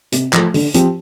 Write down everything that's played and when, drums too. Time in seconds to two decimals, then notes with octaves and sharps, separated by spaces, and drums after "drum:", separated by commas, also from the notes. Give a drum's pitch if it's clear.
0.12 C3, drum: hi-hat
0.33 F3 A3, drum: clap
0.54 D3, drum: open hi-hat
0.74 F3 C4 G4, drum: hi-hat